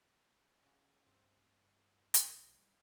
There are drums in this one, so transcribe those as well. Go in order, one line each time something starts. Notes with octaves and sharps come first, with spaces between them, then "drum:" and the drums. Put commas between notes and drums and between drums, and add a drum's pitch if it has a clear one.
C#3 F#4
G2 C4
A#1 B2, drum: hi-hat
G3